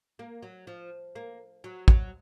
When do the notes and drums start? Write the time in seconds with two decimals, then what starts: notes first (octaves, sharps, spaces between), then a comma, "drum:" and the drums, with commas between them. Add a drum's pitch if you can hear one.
0.19 A#3
0.43 F#3
0.67 F3
1.16 A#3
1.64 F#3
1.88 F#3, drum: kick